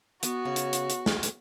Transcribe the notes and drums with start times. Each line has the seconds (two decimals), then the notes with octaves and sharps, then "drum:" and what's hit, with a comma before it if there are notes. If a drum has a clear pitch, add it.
0.23 B3 F#4, drum: hi-hat
0.45 C#3
0.56 drum: hi-hat
0.73 drum: hi-hat
0.90 drum: hi-hat
1.06 drum: snare
1.23 drum: hi-hat